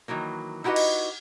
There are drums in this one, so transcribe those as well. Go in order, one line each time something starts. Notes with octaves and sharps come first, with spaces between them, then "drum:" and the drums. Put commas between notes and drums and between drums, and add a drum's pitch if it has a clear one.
D#3 E3 F#3 A#3
D#4 E4 F#4 G4 B4 D#5
drum: cymbal